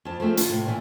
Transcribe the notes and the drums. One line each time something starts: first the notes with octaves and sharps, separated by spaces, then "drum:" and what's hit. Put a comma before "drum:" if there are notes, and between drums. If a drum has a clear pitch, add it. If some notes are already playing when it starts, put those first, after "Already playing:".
F2 A5
F3 G#3 A3 C4
D3 F4, drum: hi-hat
A2 C3
A#2 E3